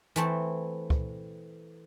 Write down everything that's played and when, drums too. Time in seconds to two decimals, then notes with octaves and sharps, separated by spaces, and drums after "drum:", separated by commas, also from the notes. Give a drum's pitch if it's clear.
0.16 E3 A3 C4, drum: hi-hat
0.90 drum: kick C#2